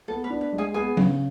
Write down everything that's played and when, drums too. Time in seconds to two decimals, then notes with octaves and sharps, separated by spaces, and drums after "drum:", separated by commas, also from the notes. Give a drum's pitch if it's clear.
0.08 B3 A4
0.24 B4
0.30 D4
0.41 B4
0.53 G#3
0.58 G#4 G#5
0.74 B3 G#4 G#5
0.97 C#3, drum: tom F#3